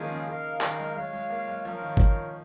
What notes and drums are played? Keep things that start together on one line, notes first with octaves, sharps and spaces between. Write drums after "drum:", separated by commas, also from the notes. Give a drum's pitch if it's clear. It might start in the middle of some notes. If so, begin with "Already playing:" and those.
Already playing: D#3 F3 G#3 A#3 C#4 F4 G#4
C#3
D#4 A#4 F5
D#3, drum: clap
G#3
G#3 F4 C#5 F5
G#3
A#3
G#3
F3 C#4 F4 A#4 C#5 F5
D#3
drum: kick G1